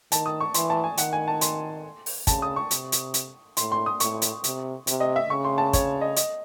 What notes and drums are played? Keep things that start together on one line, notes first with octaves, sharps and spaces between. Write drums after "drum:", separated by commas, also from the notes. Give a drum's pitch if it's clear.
D#3 A5, drum: hi-hat
D#6
C#6
E3 C6, drum: hi-hat
A5
G#5
D#3 F#5, drum: hi-hat
G#5
A5
C6, drum: hi-hat
drum: open hi-hat
C#3 A5, drum: kick, hi-hat
D#6
C#6
C3, drum: hi-hat
drum: hi-hat
drum: hi-hat
A2 C6, drum: hi-hat
C6
D#6
A2 C#6, drum: hi-hat
drum: hi-hat
C3, drum: hi-hat
C3, drum: hi-hat
D#5
E5
C#3 C#6
C6
A5
C#5, drum: kick, hi-hat
D#5
D#5, drum: hi-hat